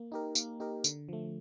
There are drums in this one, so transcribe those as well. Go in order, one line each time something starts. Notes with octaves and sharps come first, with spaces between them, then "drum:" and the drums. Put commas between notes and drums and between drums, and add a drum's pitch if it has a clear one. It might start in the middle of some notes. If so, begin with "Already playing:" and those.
Already playing: A#3
D#4 G4 A#4
A#3, drum: tambourine
D#4 G4 A#4
D3, drum: tambourine
F3 A3